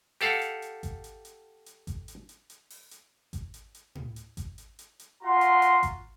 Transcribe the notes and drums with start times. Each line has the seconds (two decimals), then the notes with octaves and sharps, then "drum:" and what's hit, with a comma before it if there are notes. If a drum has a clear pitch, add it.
0.21 G4 A4 F5 F#5, drum: open hi-hat
0.41 drum: hi-hat
0.62 drum: hi-hat
0.83 drum: kick G#1, hi-hat
1.04 drum: hi-hat
1.25 drum: hi-hat
1.66 drum: hi-hat
1.87 drum: kick G#1, hi-hat
2.08 drum: hi-hat
2.29 drum: hi-hat
2.50 drum: hi-hat
2.70 drum: open hi-hat
2.91 drum: hi-hat
3.33 drum: kick G#1, hi-hat
3.54 drum: hi-hat
3.75 drum: hi-hat
3.95 drum: tom A2
4.16 drum: hi-hat
4.37 drum: kick G#1, hi-hat
4.58 drum: hi-hat
4.79 drum: hi-hat
4.99 drum: hi-hat
5.24 F4 F#4 F#5 A#5 C6
5.41 drum: hi-hat
5.62 drum: hi-hat
5.83 drum: kick G#1, hi-hat